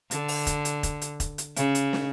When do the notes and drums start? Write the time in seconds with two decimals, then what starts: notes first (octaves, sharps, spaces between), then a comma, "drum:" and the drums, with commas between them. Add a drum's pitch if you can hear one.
0.11 D3, drum: hi-hat
0.28 drum: open hi-hat
0.47 drum: kick E1, hi-hat
0.65 drum: hi-hat
0.83 drum: kick E1, hi-hat
1.02 drum: hi-hat
1.20 drum: kick E1, hi-hat
1.38 drum: hi-hat
1.56 C#3, drum: hi-hat
1.75 drum: hi-hat
1.93 drum: snare